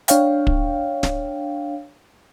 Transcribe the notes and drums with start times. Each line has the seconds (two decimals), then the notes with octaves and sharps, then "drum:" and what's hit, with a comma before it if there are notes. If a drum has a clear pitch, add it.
0.08 D4 C#5 F5 G5, drum: hi-hat
0.47 drum: kick
1.03 drum: snare